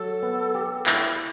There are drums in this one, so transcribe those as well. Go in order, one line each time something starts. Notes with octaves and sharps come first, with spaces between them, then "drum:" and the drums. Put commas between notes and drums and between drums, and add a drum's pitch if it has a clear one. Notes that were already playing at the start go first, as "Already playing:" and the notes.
Already playing: F#3 A4
B3
G4
E4, drum: clap